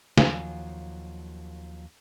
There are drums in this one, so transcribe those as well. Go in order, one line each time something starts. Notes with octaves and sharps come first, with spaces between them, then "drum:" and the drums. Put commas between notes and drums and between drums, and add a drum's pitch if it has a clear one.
D#2 F3 F#3 F5 G#5, drum: snare